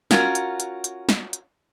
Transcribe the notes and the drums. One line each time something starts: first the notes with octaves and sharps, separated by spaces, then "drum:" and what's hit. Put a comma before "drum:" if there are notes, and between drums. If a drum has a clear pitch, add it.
C#4 F4 F#4 A#4, drum: snare
drum: hi-hat
drum: hi-hat
drum: hi-hat
drum: snare
drum: hi-hat